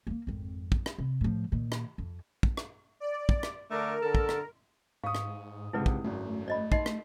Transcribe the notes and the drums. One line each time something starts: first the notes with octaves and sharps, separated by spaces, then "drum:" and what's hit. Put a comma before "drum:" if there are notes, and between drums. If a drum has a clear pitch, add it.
A3 A#3
G#1 F2
drum: kick
drum: rim click
C3
A2 F3
A#2 D#3
drum: rim click
F2
drum: kick
drum: rim click
D5
drum: kick
drum: rim click
D3 A3 D4 A#4
D3 A4
drum: kick
drum: rim click
G#2 F5 C#6 D#6
drum: rim click
C#2 G#2 C3 E4 B4 D5
drum: kick
G#1 F#2 A3
D5 D#5 B5
D#4 D#5 C6 C7, drum: kick
drum: rim click